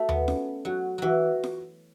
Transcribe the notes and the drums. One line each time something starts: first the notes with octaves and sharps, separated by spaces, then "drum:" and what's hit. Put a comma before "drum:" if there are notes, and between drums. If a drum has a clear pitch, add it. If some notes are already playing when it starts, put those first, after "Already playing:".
Already playing: A3 F#4
B3, drum: tom D#2
C#4, drum: snare F4
F#3 F#4
E3 F#3 F#4
drum: snare F4